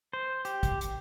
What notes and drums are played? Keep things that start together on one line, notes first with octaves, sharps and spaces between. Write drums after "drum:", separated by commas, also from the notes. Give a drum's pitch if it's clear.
C5
G4, drum: hi-hat
drum: kick, hi-hat
drum: hi-hat